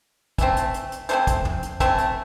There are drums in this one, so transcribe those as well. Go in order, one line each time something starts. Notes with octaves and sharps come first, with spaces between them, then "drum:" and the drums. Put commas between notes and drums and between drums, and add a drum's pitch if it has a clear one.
E3 A3 C4, drum: kick, hi-hat
drum: hi-hat
drum: hi-hat
drum: hi-hat
E3 A3 C4 C5, drum: hi-hat
drum: kick, hi-hat
drum: tom
drum: hi-hat
E3 A3 C4, drum: kick, hi-hat
drum: hi-hat